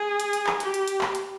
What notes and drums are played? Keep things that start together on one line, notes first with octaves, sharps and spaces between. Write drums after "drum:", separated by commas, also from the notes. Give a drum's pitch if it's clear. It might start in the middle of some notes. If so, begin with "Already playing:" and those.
Already playing: G#4
drum: hi-hat
drum: hi-hat
drum: clap
G4, drum: hi-hat
drum: hi-hat
drum: hi-hat
drum: clap
drum: hi-hat